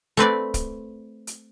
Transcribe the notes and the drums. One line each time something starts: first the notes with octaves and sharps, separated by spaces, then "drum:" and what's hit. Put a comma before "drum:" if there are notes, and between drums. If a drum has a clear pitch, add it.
A3 C4 B4 D5
drum: kick, hi-hat
drum: hi-hat